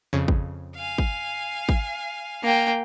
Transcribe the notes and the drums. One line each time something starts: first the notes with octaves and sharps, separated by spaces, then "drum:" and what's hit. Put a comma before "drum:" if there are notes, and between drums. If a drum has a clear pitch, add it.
F2 C#3
drum: kick
F5 G#5
drum: kick
drum: kick
A#3 G5